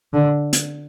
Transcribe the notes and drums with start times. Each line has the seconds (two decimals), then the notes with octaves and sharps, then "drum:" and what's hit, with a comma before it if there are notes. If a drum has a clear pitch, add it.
0.14 D3
0.53 drum: hi-hat